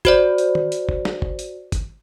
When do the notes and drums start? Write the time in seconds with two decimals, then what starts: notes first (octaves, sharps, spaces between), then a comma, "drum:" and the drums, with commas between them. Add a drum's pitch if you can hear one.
0.05 F#4 C5 D5, drum: kick, hi-hat
0.38 drum: hi-hat
0.55 drum: tom
0.72 drum: hi-hat
0.89 drum: kick
1.05 drum: snare
1.22 drum: kick
1.39 drum: hi-hat
1.72 drum: kick, hi-hat